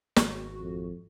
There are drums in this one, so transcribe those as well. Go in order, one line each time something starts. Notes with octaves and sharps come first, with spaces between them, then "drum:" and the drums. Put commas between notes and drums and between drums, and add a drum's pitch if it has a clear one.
G#1 F#4, drum: snare
F2